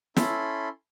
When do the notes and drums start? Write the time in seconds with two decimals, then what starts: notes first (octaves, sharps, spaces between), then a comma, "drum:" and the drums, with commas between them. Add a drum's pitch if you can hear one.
0.17 C#4 E4 A4 B5 C6, drum: snare